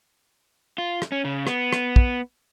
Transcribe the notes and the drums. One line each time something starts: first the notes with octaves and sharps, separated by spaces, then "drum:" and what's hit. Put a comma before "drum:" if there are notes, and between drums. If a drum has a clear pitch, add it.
F4
drum: rim click
C#4
C#3
B3, drum: rim click
drum: rim click
drum: kick